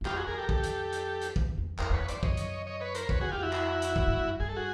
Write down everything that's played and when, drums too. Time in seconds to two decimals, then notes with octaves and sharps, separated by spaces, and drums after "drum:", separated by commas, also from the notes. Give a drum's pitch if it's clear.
0.01 E2
0.05 F2 F4 G4, drum: clap
0.16 F#4 G#4
0.27 F2 G#4 A#4
0.38 G4 A4
0.44 A#4
0.49 G4 A4, drum: kick
0.64 drum: hi-hat
0.92 drum: hi-hat
1.21 drum: hi-hat
1.36 E2, drum: kick
1.58 E2
1.79 F2 A#4 C5, drum: clap
1.90 E2 B4 C#5
2.01 F2
2.08 F#2 C5 D5, drum: hi-hat
2.23 F#2 C#5 D#5, drum: kick
2.37 drum: hi-hat
2.67 C#5 D#5
2.80 B4 C#5
2.95 A#4 C5, drum: hi-hat
3.09 E2 B4 C#5, drum: kick
3.21 F#4 G#4
3.31 F2 F4 G4
3.42 E4 F#4
3.53 drum: clap
3.82 drum: hi-hat
3.96 G2, drum: kick
4.07 G2
4.19 F#2
4.40 G2 G#4
4.49 A4
4.56 F#4 G#4